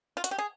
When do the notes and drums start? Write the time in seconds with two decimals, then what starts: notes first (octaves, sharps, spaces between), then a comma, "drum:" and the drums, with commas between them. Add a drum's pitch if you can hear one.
0.17 F4
0.24 F#4, drum: hi-hat
0.31 G4
0.38 G#4